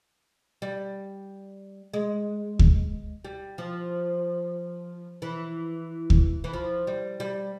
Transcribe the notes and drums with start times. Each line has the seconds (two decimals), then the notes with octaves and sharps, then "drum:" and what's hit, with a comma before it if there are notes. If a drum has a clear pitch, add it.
0.62 G3
1.94 G#3
2.59 drum: kick D2
3.25 G3
3.58 F3
5.22 E3
6.10 drum: kick D2
6.44 E3
6.53 F3
6.87 G3
7.20 G3